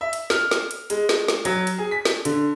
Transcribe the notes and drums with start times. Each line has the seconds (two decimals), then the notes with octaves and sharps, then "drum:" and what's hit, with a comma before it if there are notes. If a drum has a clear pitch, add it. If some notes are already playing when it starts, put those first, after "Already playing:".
0.01 E5
0.13 drum: hi-hat
0.30 F6, drum: snare
0.51 drum: snare
0.71 drum: hi-hat
0.90 G#3, drum: hi-hat
1.09 drum: snare
1.28 drum: snare
1.45 F#3, drum: hi-hat
1.67 drum: hi-hat
1.78 G#4
1.91 B6
2.05 drum: snare
2.25 D3, drum: hi-hat